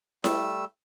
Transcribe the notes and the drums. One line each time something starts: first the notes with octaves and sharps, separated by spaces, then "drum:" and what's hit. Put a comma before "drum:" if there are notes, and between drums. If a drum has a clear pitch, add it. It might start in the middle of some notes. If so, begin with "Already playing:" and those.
G3 A3 E6, drum: snare E4